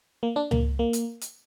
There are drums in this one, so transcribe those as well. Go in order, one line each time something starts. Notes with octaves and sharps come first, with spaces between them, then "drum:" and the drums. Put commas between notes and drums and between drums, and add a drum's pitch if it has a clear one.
A#3
D4
A#3, drum: tom C#2
A#3
drum: hi-hat
drum: hi-hat